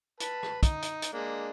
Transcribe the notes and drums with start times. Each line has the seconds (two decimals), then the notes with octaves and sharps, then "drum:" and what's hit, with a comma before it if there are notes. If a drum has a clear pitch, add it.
0.20 B4 A5, drum: hi-hat
0.43 drum: rim click
0.63 D#4, drum: kick, hi-hat
0.82 drum: hi-hat
1.02 drum: hi-hat
1.13 G#3 A#3 D4